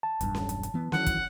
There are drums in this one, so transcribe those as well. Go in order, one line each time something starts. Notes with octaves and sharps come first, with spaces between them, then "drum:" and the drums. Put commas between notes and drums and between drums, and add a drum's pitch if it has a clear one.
A5
E1 B1 G2, drum: hi-hat
drum: snare C#4
drum: hi-hat
drum: hi-hat
E3 B3
D#3 E3 F#3 F#5, drum: snare C#4
drum: kick, hi-hat